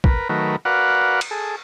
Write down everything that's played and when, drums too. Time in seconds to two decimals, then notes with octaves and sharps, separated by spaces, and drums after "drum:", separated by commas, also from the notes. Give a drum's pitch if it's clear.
0.04 A#4 B4, drum: kick
0.29 D#3 F#3 A3 A#4 B4
0.65 F#4 A#4 B4 D5 F5 F#5
1.21 drum: cymbal
1.31 G#4 A4